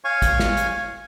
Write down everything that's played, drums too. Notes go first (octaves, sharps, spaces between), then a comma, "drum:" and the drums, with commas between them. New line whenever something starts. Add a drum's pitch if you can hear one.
C#5 F5 G#5 C#6
drum: kick, hi-hat
drum: snare
drum: hi-hat